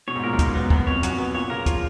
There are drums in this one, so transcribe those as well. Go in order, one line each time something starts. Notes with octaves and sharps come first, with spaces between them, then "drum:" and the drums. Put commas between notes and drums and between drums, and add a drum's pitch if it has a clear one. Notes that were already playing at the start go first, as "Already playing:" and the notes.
B2 C#5
G#2
A#2 A#4
F#2
G#2 D#4, drum: kick, hi-hat
B3
F#2 B3, drum: kick
F2 C#5
F#2 F#4, drum: hi-hat
F#2 B3
A#2 C#5
C#3 A#4
F3 F4, drum: kick, hi-hat